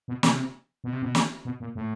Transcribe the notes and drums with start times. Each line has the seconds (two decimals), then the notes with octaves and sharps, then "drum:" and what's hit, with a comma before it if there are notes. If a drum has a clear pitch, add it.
0.08 B2
0.23 C3, drum: snare
0.84 B2
0.93 C3
1.02 B2
1.15 drum: snare
1.45 B2
1.60 A#2
1.75 A2